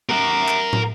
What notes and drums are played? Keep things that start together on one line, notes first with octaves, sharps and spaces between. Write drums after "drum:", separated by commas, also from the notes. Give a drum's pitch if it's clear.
A#4 F#5
drum: clap
drum: tom